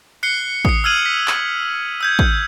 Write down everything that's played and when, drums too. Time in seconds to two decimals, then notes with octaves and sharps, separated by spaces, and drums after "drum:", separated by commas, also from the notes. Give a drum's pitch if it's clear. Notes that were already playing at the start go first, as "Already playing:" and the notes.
0.23 F#6 C7 C#7 G7
0.65 D#6 C#7, drum: kick A1
0.84 E6 F6 G#6 D#7 F#7
1.06 B6
1.28 drum: clap
2.01 E6 G6 G#6
2.19 drum: kick A1